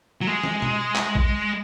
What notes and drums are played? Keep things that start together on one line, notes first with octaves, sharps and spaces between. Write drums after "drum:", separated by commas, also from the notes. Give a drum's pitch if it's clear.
F#3
G#3
drum: snare
drum: tom B2
drum: clap
drum: kick